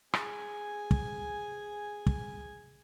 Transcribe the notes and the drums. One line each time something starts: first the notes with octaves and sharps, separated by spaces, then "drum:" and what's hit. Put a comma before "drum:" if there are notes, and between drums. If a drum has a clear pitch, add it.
G#4 G#5, drum: rim click
drum: kick
drum: kick